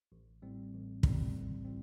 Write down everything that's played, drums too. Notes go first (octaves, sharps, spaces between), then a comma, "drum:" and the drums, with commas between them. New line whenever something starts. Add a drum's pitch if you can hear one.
A1
A2 G3 C4
A1
A2 G3 C4, drum: kick
A1
A2 G3 C4